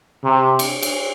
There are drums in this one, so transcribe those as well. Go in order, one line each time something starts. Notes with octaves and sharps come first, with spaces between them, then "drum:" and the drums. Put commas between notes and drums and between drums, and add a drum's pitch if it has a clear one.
C3
drum: cymbal
drum: cymbal